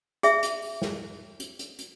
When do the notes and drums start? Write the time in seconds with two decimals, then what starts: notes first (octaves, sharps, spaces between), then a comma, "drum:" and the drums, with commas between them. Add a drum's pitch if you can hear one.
0.23 G#4 E5, drum: hi-hat
0.43 drum: hi-hat
0.62 drum: open hi-hat
0.82 drum: snare
1.40 drum: hi-hat
1.59 drum: hi-hat
1.79 drum: hi-hat